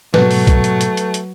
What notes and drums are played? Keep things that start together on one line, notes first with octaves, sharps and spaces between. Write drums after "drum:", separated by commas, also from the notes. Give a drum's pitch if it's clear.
G#2 B2 F#3 A3 B4, drum: snare
drum: open hi-hat
drum: kick, hi-hat
drum: hi-hat
drum: hi-hat
drum: hi-hat
drum: hi-hat